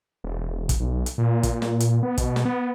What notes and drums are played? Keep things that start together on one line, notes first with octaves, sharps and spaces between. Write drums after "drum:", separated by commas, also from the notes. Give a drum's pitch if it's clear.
E1
drum: kick, hi-hat
B1
drum: hi-hat
A#2
drum: kick, hi-hat
drum: snare
drum: hi-hat
B3
B2, drum: kick, hi-hat
drum: snare
B3